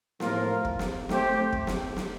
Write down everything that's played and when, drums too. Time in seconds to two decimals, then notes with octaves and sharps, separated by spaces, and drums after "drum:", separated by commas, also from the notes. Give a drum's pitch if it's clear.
0.20 A2 F3 A#3 F4 A#4, drum: snare
0.65 drum: kick
0.79 drum: snare
1.09 A3 C4 G4 C5, drum: snare
1.53 drum: kick
1.67 drum: snare
1.96 drum: snare